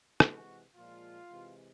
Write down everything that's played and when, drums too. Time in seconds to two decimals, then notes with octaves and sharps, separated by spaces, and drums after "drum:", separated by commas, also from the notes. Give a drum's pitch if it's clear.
0.20 C3 E3 G#3 F#4, drum: rim click
0.75 A#2 F3 G#3 F4
1.30 C3 E3 G#3